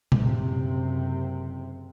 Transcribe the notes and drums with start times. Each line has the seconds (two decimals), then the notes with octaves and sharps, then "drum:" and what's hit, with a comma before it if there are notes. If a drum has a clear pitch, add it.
0.12 F#1 C3, drum: tom A#2